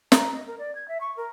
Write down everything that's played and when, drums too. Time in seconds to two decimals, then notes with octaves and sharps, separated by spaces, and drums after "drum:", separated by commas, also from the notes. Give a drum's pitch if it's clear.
0.12 A#5, drum: snare
0.33 D#5
0.46 A#4
0.58 D5
0.75 G#6
0.88 E5
1.00 C#6
1.16 A#4